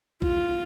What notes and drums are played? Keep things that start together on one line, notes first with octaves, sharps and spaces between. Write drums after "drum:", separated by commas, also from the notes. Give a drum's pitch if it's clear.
F4, drum: kick B1